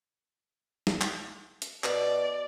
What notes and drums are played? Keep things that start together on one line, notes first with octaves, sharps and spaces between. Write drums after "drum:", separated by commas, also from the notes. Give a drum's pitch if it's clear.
drum: snare
drum: clap
drum: hi-hat
B2 D5, drum: clap